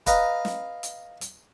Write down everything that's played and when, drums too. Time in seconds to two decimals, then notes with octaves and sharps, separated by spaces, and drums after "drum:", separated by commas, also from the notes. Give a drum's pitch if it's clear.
0.06 B4 D#5 F5 A#5, drum: kick E1, hi-hat
0.45 drum: snare
0.83 drum: hi-hat
1.21 drum: hi-hat